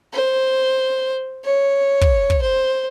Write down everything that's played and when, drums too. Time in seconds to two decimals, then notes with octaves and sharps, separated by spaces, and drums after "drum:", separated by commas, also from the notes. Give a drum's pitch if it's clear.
0.13 C5
1.45 C#5
2.01 drum: kick
2.30 drum: kick
2.42 C5